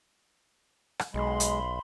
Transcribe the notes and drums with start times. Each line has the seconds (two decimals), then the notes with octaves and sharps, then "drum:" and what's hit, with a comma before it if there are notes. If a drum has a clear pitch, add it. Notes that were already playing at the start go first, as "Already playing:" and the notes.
0.99 drum: rim click
1.14 B1 G#3 B5 C6
1.40 drum: hi-hat